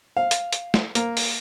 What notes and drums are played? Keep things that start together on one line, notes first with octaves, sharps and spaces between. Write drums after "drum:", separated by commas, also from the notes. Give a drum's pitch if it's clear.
F5
drum: hi-hat
drum: hi-hat
drum: snare
A#3, drum: hi-hat
drum: open hi-hat